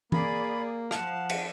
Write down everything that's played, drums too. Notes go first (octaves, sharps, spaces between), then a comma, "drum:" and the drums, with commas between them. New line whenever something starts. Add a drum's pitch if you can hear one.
A#3 G#4 D5 B5, drum: tom E3
F3 F5 F#5 A5, drum: rim click
drum: cymbal